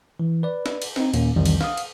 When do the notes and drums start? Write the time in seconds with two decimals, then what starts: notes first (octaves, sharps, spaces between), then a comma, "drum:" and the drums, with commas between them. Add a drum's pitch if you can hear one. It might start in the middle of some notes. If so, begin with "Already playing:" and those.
0.20 E3
0.43 B4 D5
0.66 drum: snare
0.82 drum: cymbal
0.96 C4 D#4, drum: snare
1.14 D#2 A#2 A#3 C#4, drum: cymbal
1.36 C2 F2 D#3 E3 G3
1.45 drum: cymbal
1.61 F5 D#6, drum: snare
1.77 drum: cymbal